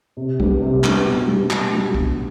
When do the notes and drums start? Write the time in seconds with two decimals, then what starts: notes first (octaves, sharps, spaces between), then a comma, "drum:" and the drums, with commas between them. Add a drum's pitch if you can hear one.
0.17 C3
0.40 G3 B3 D4, drum: kick
0.62 C3
0.84 G3 B3 D4, drum: clap
1.05 B2
1.27 G3 D4 F#4
1.51 B2, drum: clap
1.72 G3 D4 F#4
1.94 B2, drum: kick